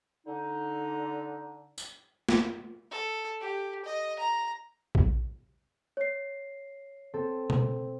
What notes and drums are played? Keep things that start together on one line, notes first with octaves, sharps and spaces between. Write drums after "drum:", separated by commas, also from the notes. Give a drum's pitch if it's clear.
D3 D#4
drum: tambourine
drum: snare
A4
G4
D#5
A#5
drum: kick A#1
C#5 C7
C4 A4
drum: tom B2